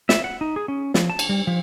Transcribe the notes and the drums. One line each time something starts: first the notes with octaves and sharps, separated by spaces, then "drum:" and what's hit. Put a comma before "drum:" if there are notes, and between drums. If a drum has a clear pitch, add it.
E5, drum: snare
F#5
D#4
G#4
C#4
F3, drum: snare
A5
drum: cymbal
G3
F3